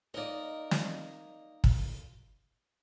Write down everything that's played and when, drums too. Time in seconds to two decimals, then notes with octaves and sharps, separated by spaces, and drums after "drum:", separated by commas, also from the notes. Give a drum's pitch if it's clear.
0.14 A#3 D#4 A#4 D5 D#5
0.71 drum: snare
1.64 drum: kick